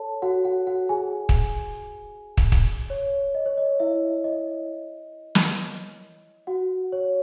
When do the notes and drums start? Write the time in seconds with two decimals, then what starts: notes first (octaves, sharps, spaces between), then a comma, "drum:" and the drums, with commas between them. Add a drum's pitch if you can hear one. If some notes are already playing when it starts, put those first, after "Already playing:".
Already playing: A4 C#5 A5
0.22 F#4 F#5
0.45 F#4 F#5
0.67 F#4 F#5
0.89 G#4 G#5
1.29 drum: kick
2.37 drum: kick
2.52 drum: kick
2.90 C#5
3.35 D#5
3.46 C#5
3.57 D#5
3.80 E4 E5
4.24 D#5
5.35 drum: snare
6.47 F#4 F#5
6.92 C#5